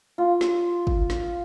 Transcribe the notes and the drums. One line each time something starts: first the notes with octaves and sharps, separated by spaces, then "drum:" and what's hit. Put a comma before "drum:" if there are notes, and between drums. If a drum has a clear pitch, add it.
F4
drum: snare
drum: kick
drum: snare